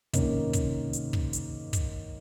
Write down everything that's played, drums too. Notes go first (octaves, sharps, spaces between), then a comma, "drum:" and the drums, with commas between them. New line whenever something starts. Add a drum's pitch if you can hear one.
G#2 C3 D#3 A#3 C#4, drum: kick, hi-hat
drum: kick, hi-hat
drum: hi-hat
drum: kick
drum: hi-hat
drum: kick, hi-hat